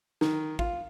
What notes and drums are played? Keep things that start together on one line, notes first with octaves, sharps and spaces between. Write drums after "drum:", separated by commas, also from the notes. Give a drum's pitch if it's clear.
D#3, drum: snare
F4, drum: kick